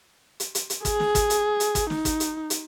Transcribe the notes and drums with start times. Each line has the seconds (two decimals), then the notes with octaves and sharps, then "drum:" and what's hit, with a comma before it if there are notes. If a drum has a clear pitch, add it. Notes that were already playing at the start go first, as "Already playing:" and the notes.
0.40 drum: hi-hat
0.55 drum: hi-hat
0.70 drum: hi-hat
0.85 G#4, drum: kick, hi-hat
1.00 drum: snare
1.15 drum: kick, hi-hat
1.30 drum: hi-hat
1.60 drum: hi-hat
1.75 drum: kick, hi-hat
1.90 D#4, drum: snare
2.05 drum: kick, hi-hat
2.20 drum: hi-hat
2.50 drum: hi-hat